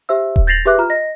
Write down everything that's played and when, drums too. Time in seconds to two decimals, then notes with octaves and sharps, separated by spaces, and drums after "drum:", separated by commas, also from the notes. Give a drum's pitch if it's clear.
0.09 G4 C5 E5 E6
0.36 drum: kick D#1
0.47 G6 A6 A#6 C7 F7 F#7
0.65 G4 G#4 B4 E5 D6 F#6
0.78 F4 A#5 F6
0.90 D#5 A#6